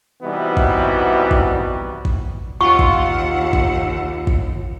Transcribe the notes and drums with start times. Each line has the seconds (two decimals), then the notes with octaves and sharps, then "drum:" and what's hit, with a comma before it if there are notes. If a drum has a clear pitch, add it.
0.23 C3 E3 G3 B3 D#4 F#4
0.57 drum: kick
1.31 drum: kick
2.05 drum: kick
2.61 D#2 F4 F#5 C#6
2.79 drum: kick
3.53 drum: kick
4.27 drum: kick